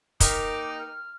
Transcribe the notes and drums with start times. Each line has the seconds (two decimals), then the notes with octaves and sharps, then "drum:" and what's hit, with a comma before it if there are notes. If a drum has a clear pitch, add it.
0.20 A#3 D#4 G4 A#4 D6, drum: kick, hi-hat
0.79 F6